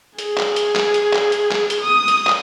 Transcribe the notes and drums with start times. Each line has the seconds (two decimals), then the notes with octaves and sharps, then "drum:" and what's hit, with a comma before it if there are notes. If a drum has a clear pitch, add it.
0.19 G#4, drum: hi-hat
0.37 drum: clap
0.56 drum: hi-hat
0.75 drum: clap
0.94 drum: hi-hat
1.13 drum: clap
1.32 drum: hi-hat
1.51 drum: clap
1.70 drum: hi-hat
1.82 D#6
2.08 drum: hi-hat
2.27 drum: clap